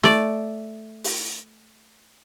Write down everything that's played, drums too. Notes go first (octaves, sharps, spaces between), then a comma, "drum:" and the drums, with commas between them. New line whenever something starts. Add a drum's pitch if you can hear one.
A3 D5, drum: snare
drum: open hi-hat